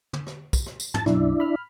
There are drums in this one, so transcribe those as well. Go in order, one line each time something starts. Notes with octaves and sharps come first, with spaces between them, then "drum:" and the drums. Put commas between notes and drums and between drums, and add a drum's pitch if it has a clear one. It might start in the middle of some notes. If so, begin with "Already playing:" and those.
drum: tom
drum: rim click
drum: kick, tambourine
drum: rim click
drum: tambourine
A5, drum: tom
B1 F#2 D4 E4, drum: rim click
B5 F6